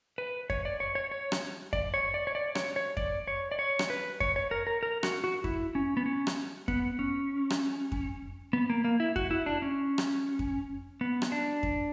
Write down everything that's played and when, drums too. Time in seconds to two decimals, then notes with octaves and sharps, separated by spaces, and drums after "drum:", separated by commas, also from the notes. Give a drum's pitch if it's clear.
0.18 B4
0.50 C#5, drum: kick F2
0.65 D5
0.80 C#5
0.95 C#5
1.11 C#5
1.32 drum: rim click
1.73 D5, drum: kick F2
1.94 C#5
2.14 D5
2.27 C#5
2.35 D5
2.55 C#5, drum: rim click
2.76 C#5
2.97 D5, drum: kick F2
3.28 C#5
3.52 D5
3.59 C#5
3.79 drum: rim click
3.90 B4
4.20 C#5, drum: kick F2
4.36 C#5
4.51 A#4
4.67 A#4
4.83 A#4
5.03 F#4, drum: rim click
5.24 F#4
5.44 E4, drum: kick F2
5.75 C#4
5.97 B3
6.06 C#4
6.27 drum: rim click
6.68 B3, drum: kick F2
6.99 C#4
7.50 drum: rim click
7.92 drum: kick F2
8.53 B3
8.70 A#3
8.84 A#3
9.00 E4
9.16 F#4, drum: kick F2
9.31 E4
9.46 D4
9.62 C#4
9.98 drum: rim click
10.39 drum: kick F2
11.01 B3
11.22 drum: rim click
11.32 D4
11.63 drum: kick F2